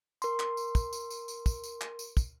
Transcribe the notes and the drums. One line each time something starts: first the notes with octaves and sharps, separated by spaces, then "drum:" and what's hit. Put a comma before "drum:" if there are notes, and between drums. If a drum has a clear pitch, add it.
A#4 C6, drum: tambourine
drum: clap
drum: tambourine
drum: kick, tambourine
drum: tambourine
drum: tambourine
drum: tambourine
drum: kick, tambourine
drum: tambourine
drum: clap
drum: tambourine
drum: kick, tambourine